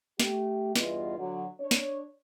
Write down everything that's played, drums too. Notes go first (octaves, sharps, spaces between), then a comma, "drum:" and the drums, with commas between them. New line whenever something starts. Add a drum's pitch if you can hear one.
A3 G4, drum: snare
E2 G2 B2 F4 D#5, drum: snare
D3 F#3
D4 C#5
drum: snare